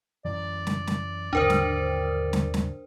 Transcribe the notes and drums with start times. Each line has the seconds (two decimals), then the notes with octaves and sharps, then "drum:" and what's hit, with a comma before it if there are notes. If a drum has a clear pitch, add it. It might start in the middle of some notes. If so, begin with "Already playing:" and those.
0.25 F#2 E3 F#3 D5
0.67 drum: snare
0.87 drum: snare
1.33 D#2 G#2 D3 D4 A#4 C5
1.50 drum: snare
2.33 drum: snare
2.54 drum: snare